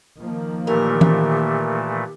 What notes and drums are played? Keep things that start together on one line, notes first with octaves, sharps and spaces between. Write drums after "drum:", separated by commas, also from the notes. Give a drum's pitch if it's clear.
D#3 F3 A#3
A#2 E3 A3 G4 A#4
drum: tom E3